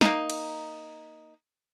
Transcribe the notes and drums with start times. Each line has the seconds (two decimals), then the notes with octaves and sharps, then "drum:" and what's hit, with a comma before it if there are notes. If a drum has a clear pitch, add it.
0.01 A#3 D#4, drum: snare
0.30 drum: cymbal